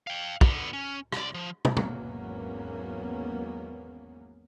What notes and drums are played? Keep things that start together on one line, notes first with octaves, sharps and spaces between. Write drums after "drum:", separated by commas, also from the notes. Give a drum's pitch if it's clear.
F5 G5
D3 B3, drum: kick
C#4
C2 D5, drum: rim click
F3
drum: tom
G#1 E2 F#3 A#3 B3 C#4, drum: tom